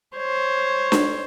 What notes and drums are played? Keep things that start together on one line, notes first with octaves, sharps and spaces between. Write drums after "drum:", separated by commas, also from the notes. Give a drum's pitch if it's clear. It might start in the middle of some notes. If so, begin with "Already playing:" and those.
C5 C#5
drum: snare D4